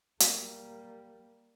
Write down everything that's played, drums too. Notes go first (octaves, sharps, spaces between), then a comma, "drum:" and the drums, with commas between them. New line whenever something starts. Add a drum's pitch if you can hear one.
G3 A#3, drum: hi-hat